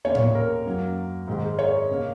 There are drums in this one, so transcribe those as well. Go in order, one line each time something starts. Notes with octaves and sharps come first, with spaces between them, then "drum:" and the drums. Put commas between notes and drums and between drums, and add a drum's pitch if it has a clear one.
D#2 C#3 A#3 C#5
drum: tom A2
A#4
F#2 F#3 A#3
G#2 D#3 G#3
C#5
C#3 A#3